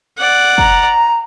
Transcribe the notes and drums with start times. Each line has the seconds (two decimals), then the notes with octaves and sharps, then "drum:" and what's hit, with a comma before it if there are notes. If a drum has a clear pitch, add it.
0.18 D5 F#5
0.58 A#5, drum: kick